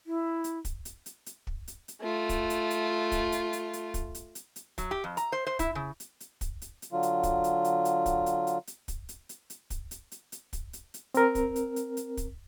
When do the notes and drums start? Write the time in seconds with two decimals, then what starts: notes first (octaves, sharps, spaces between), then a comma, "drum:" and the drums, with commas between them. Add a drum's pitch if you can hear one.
0.06 E4
0.44 drum: hi-hat
0.65 drum: kick, hi-hat
0.85 drum: hi-hat
1.06 drum: hi-hat
1.26 drum: hi-hat
1.47 drum: kick
1.68 drum: hi-hat
1.88 drum: hi-hat
2.02 A3 F4
2.29 drum: kick, hi-hat
2.50 drum: hi-hat
2.70 drum: hi-hat
3.12 drum: kick, hi-hat
3.32 drum: hi-hat
3.53 drum: hi-hat
3.73 drum: hi-hat
3.94 drum: kick, hi-hat
4.15 drum: hi-hat
4.35 drum: hi-hat
4.56 drum: hi-hat
4.78 F#3, drum: kick, hi-hat
4.91 G4
5.04 F2
5.17 A#5, drum: hi-hat
5.32 C5
5.47 C5
5.59 E4, drum: kick, hi-hat
5.75 C#3
6.00 drum: hi-hat
6.20 drum: hi-hat
6.41 drum: kick, hi-hat
6.62 drum: hi-hat
6.82 drum: hi-hat
6.92 D3 F#3 F4
7.03 drum: hi-hat
7.23 drum: kick, hi-hat
7.44 drum: hi-hat
7.65 drum: hi-hat
7.85 drum: hi-hat
8.06 drum: kick, hi-hat
8.26 drum: hi-hat
8.47 drum: hi-hat
8.67 drum: hi-hat
8.88 drum: kick, hi-hat
9.09 drum: hi-hat
9.29 drum: hi-hat
9.50 drum: hi-hat
9.70 drum: kick, hi-hat
9.91 drum: hi-hat
10.12 drum: hi-hat
10.32 drum: hi-hat
10.53 drum: kick, hi-hat
10.73 drum: hi-hat
10.94 drum: hi-hat
11.14 C4 A#4, drum: hi-hat
11.35 drum: kick, hi-hat
11.56 drum: hi-hat
11.76 drum: hi-hat
11.97 drum: hi-hat
12.17 drum: kick, hi-hat